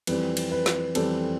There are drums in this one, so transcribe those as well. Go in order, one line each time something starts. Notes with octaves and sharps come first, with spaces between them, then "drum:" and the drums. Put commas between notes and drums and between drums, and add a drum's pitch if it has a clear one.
F2 E3 G3 C4 B4, drum: cymbal
drum: cymbal
B4
drum: snare
F2 E3 G3 C4 A4, drum: cymbal